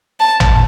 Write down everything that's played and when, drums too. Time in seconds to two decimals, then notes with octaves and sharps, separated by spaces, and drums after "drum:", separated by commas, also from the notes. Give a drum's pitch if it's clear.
0.20 A5
0.40 drum: tom